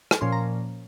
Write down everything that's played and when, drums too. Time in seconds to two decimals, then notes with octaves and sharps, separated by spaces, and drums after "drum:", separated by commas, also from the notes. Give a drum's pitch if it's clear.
0.11 drum: rim click
0.21 A#2 F3 A#3 C#4 C6
0.32 A#5